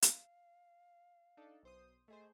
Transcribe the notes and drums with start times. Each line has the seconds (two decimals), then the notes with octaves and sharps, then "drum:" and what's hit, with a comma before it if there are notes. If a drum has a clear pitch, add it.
0.02 F5, drum: hi-hat
1.37 D4 D#4 A4
1.63 B1 C5 D#6
2.08 A3 G#4 C5 D#5